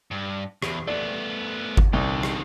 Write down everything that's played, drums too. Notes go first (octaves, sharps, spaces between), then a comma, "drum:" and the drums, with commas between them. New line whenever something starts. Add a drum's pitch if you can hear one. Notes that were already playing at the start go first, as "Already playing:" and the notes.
G2
E2, drum: rim click
A3 B3 D5
drum: kick G1
C2 D3 D#4
drum: rim click